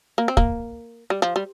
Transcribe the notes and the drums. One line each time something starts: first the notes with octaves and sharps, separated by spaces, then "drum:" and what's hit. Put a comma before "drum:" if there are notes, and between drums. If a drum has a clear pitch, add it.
A#3
C4
A#3, drum: kick
G3
F3
G3